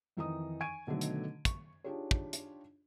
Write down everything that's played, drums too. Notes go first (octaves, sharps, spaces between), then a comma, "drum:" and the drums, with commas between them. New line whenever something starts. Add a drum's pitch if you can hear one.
F2 D#3 E3 D#4 D#5 D#6
G#5 C#6 G#6 D7 D#7
B2 D3 D#3 F#3 A3
drum: hi-hat
C#6, drum: kick, hi-hat
D4 D#4 F4 G4 G#4 C#5
drum: kick
drum: hi-hat